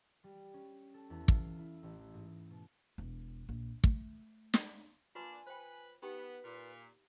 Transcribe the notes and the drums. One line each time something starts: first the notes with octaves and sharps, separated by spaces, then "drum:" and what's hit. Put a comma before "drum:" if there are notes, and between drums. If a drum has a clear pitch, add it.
G3
C#4
A4
E2
F5, drum: kick
E4
A1
G#2
B2
E1
A#1
A3, drum: kick
drum: snare
A#3 D4 F4 B4 G#5 C6
B4 C5 G5
B3 D#4 G4 B4 G5
A#2